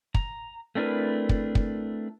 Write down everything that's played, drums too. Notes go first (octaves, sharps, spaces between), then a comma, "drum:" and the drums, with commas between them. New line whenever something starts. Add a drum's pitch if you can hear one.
A#5, drum: kick
A3 C4 D4 E4 A#4 B4
drum: kick
drum: kick